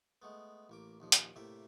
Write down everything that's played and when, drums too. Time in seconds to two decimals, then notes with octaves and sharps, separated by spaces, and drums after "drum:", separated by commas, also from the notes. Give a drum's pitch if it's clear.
0.22 G#3 A3 B3
0.69 A1 A#3 D6
1.00 A#1 D#2 F3
1.12 drum: hi-hat
1.36 A2 C3 A#3 E5 G5